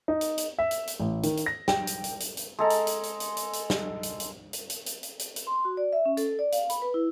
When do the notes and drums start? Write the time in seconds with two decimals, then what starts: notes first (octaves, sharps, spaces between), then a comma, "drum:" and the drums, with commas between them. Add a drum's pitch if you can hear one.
0.08 D#4
0.21 drum: hi-hat
0.38 drum: hi-hat
0.59 E5
0.71 drum: hi-hat
0.87 drum: hi-hat
1.00 A1
1.23 D#3, drum: hi-hat
1.37 drum: hi-hat
1.46 A#6
1.68 G5, drum: snare
1.87 drum: hi-hat
2.04 drum: hi-hat
2.20 drum: hi-hat
2.37 drum: hi-hat
2.59 G#3 A4 A#5
2.70 drum: hi-hat
2.87 drum: hi-hat
3.03 drum: hi-hat
3.20 drum: hi-hat
3.37 drum: hi-hat
3.53 drum: hi-hat
3.70 drum: snare
4.03 drum: hi-hat
4.20 drum: hi-hat
4.53 drum: hi-hat
4.70 drum: hi-hat
4.86 drum: hi-hat
5.03 drum: hi-hat
5.19 drum: hi-hat
5.36 drum: hi-hat
5.47 C6
5.65 F#4
5.77 D5
5.93 E5
6.05 C#4
6.17 A4, drum: hi-hat
6.39 D5
6.52 F5, drum: hi-hat
6.70 B5, drum: hi-hat
6.82 B4
6.94 E4